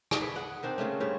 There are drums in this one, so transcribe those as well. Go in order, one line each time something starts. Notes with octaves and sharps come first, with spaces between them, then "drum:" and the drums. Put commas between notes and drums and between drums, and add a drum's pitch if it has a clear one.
drum: rim click
G#4 B4
F#5
D#3 C4 D4 C5
C#3 G#3 A3 C#4
G2 C#3 C4 C#5